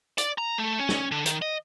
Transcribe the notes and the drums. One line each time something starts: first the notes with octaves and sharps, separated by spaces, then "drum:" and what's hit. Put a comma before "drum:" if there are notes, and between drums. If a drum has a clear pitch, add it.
D5, drum: hi-hat
A#5
A3
C#4
drum: snare
D3
D#3, drum: hi-hat
D#5